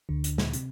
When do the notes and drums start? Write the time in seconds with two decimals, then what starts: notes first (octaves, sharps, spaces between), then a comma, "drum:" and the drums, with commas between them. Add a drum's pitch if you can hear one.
0.09 D2 D3
0.24 drum: hi-hat
0.38 A#2, drum: snare
0.53 C3, drum: hi-hat